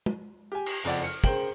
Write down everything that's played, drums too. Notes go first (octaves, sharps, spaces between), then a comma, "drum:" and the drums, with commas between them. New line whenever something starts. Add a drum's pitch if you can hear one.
drum: tom
G4 G#5
drum: cymbal
F#1 F2 D5 F#5, drum: open hi-hat
F6 C#7
C#3 A#4 C5 G5 F#7, drum: kick